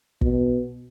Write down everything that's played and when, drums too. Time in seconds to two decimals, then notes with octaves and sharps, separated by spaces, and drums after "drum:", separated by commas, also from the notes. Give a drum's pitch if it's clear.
0.21 B2, drum: kick